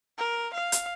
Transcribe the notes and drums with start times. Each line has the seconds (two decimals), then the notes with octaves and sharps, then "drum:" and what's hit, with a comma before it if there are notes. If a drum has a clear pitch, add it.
0.18 A#4
0.54 F5
0.72 drum: hi-hat